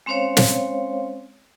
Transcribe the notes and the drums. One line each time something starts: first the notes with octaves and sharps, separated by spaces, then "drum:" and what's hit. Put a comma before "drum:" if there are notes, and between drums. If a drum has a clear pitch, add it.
G#3 C4 C#4 C5 C#5 F5
drum: snare